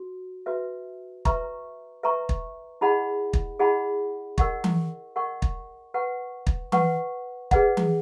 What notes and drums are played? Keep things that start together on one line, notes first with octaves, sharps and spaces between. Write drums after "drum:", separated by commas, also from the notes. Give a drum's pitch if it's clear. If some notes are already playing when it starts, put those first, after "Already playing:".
Already playing: F#4
F#4 B4 E5
B4 E5 A#5 C#6, drum: kick
B4 E5 A#5 C#6
drum: kick
E4 G#4 D#5 F#5 B5
drum: kick
E4 G#4 D#5 F#5 B5
A#4 D#5 F#5 C#6, drum: kick
drum: tom E3
A#4 D#5 F#5 C#6
drum: kick
B4 F#5 C#6
drum: kick
B4 F#5 C#6, drum: tom E3
G#4 B4 D#5 F#5, drum: kick
drum: tom E3